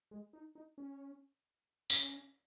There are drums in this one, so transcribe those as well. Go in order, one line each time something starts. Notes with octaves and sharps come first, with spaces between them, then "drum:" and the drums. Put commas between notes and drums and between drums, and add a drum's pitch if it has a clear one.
G#3
D#4
D#4
C#4
C#4, drum: tambourine